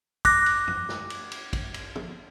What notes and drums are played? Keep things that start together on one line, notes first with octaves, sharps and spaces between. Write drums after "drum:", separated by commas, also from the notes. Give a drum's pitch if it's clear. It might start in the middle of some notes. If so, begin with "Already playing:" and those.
D6 F#6 A#6, drum: kick, cymbal
drum: cymbal
drum: tom F2
drum: snare
drum: cymbal
drum: cymbal
drum: kick, cymbal
drum: cymbal
drum: tom